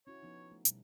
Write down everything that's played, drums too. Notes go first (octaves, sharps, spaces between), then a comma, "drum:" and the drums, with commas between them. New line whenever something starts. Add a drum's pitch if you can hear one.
C#4 E4 F#4 C#5
F3 B3 D#4
A3
B2 G3, drum: hi-hat